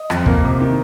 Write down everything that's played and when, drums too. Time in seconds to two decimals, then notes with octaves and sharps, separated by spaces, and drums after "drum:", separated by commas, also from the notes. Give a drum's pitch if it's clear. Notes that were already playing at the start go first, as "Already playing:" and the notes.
Already playing: D#5
0.10 F2, drum: rim click
0.26 A#3, drum: kick
0.44 C3
0.60 D#3